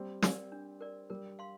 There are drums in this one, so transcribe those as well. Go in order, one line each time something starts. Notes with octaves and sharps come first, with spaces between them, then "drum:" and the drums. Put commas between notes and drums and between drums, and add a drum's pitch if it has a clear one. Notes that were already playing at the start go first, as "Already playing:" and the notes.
Already playing: G3 C4
A#4 D5, drum: snare
D4
A#4 D5
G3 A#4
F5 C6